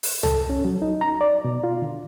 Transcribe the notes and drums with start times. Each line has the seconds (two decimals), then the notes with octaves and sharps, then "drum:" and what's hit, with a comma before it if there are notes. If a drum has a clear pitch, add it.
0.03 drum: open hi-hat
0.23 A4, drum: tom
0.50 C#4
0.65 F#3
0.82 D#4
1.01 A#5
1.21 D5
1.45 B2
1.64 F4
1.82 D3